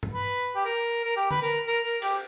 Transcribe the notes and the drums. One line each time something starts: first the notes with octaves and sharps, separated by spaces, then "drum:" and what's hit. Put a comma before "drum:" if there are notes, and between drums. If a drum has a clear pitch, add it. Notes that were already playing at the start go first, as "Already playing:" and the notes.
drum: tom G2
B4
G4
A#4
A#4
G4
B4, drum: tom D3
A#4
A#4
A#4
G4, drum: cymbal